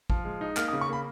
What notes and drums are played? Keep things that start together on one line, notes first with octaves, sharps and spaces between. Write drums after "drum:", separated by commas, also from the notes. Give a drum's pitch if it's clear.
F3, drum: kick
G#3
D#4
A#3 F6, drum: clap
D#6
C#3
C#6
A#3 B5